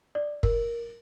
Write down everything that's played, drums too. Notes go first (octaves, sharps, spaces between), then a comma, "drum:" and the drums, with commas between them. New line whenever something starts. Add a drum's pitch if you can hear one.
D5
A#4, drum: kick